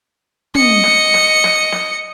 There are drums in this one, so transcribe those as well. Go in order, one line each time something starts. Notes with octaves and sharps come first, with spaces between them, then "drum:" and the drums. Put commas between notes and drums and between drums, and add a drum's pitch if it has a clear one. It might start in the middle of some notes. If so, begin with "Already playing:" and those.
D#5 C#7, drum: tom
drum: snare
drum: snare
drum: snare
drum: snare